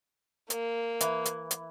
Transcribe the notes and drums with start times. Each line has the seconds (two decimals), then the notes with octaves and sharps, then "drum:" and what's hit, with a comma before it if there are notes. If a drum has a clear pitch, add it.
0.50 A#3, drum: hi-hat
1.00 E3, drum: hi-hat
1.25 drum: hi-hat
1.51 drum: hi-hat